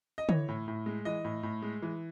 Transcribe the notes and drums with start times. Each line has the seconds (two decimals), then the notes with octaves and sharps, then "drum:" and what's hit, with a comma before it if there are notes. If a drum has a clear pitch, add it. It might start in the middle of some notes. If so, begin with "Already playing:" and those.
0.18 D#5
0.29 E3 C#5, drum: tom D3
0.48 A2
0.68 A2
0.86 G#3
1.05 E3 D#5
1.24 A2
1.43 A2
1.62 G#3
1.82 E3